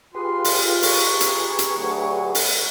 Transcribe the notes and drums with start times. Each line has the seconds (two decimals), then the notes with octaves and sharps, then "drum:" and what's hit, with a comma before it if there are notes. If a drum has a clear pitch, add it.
0.15 F4 G4 G#4 B4 C6
0.44 drum: open hi-hat
0.83 G#5 A#5 C#6, drum: open hi-hat
1.21 drum: hi-hat
1.59 drum: hi-hat
1.77 D2 F#3
2.35 drum: open hi-hat